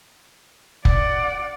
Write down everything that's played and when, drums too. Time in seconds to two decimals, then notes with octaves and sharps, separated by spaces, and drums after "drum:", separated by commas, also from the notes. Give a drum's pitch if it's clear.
0.85 D5 F#5, drum: kick